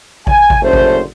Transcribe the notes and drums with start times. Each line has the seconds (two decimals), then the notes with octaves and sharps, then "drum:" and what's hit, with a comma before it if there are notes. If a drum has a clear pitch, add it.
0.27 G#5, drum: kick G#1
0.50 drum: kick G#1
0.62 F#1 D3 A3 C#4 C5
0.73 drum: kick G#1